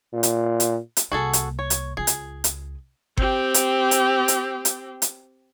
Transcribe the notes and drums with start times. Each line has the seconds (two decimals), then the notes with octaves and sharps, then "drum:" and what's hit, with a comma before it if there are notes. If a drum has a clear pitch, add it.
0.13 A#2
0.23 drum: hi-hat
0.60 drum: hi-hat
0.97 drum: hi-hat
1.12 C2 A#3 F#4 G#4 A4
1.33 drum: hi-hat
1.59 C#5
1.70 drum: hi-hat
1.97 C#2 F4 G#4
2.07 drum: hi-hat
2.44 drum: hi-hat
3.18 C4 G4, drum: kick G1
3.54 drum: hi-hat
3.91 drum: hi-hat
4.28 drum: hi-hat
4.65 drum: hi-hat
5.02 drum: hi-hat